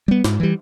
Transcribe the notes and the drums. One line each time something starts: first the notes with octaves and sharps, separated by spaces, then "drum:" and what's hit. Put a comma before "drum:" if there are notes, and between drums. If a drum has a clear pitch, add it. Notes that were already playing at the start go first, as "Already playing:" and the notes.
G3 B3
G#2, drum: snare
E3 G3